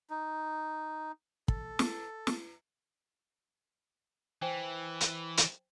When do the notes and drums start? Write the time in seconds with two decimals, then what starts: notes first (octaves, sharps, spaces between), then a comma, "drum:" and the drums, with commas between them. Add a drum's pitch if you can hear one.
0.10 D#4
1.48 A4, drum: kick
1.79 drum: snare
2.27 drum: snare
4.42 E3 C5 G5 G#5
5.01 drum: hi-hat
5.37 drum: hi-hat